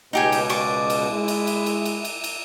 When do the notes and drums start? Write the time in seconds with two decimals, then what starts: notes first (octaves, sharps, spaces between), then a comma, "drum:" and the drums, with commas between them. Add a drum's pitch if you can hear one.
0.13 C#2 B2 D#4 G4 G#5
0.32 drum: cymbal
0.50 D5 C#6, drum: cymbal
0.90 drum: cymbal
1.10 G#3 E4
1.28 drum: cymbal
1.47 drum: cymbal
1.66 drum: cymbal
1.85 drum: cymbal
2.05 drum: cymbal
2.24 drum: cymbal